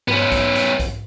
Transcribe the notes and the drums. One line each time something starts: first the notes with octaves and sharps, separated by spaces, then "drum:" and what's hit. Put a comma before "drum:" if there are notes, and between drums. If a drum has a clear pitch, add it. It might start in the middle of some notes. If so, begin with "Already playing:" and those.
B3 C#4, drum: tom G2
drum: kick A#1, hi-hat
drum: hi-hat
drum: kick A#1, hi-hat